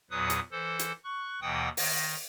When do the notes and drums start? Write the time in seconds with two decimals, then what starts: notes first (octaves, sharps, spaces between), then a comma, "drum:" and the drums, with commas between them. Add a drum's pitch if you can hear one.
0.11 E2 A#2 F#3 B4 D#6
0.30 drum: hi-hat
0.52 E3 A4 C5
0.79 drum: hi-hat
1.04 C#6 F#6
1.42 D#2 B2 E3 F#5 G5 D#6
1.77 D#3 A#6, drum: open hi-hat